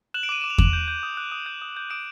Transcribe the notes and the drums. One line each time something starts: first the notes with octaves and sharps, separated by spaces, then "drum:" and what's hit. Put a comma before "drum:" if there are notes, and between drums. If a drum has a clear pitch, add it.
F#6 E7 F#7
D7
D6 D#7
D6 E7
F7
D6 E7 F#7, drum: kick E2
G6
G6
D#6
F#6
D#6
G6
D#6
G6
D#6 D7 E7